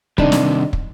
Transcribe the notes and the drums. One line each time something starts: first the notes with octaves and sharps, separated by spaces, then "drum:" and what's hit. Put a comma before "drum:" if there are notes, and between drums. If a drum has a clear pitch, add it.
C3 D#3 G3 D4 D#4, drum: kick
drum: snare
drum: kick